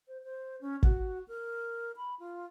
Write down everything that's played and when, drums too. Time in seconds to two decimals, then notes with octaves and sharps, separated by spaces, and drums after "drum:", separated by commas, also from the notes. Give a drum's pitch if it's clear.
0.08 C5
0.24 C5
0.61 C#4
0.83 F#4, drum: kick
1.28 A#4
1.96 B5
2.20 F4